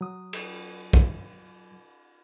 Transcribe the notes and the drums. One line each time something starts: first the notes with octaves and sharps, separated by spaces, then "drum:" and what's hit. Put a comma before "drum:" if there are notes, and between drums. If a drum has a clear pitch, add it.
F#3 D#6
drum: cymbal
drum: kick